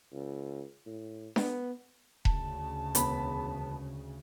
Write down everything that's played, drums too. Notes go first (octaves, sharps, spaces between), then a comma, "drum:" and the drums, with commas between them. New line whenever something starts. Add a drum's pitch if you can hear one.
C#2
A2
B3, drum: snare D4
D2 C#3 A5, drum: kick E1
E1 B3 B5, drum: hi-hat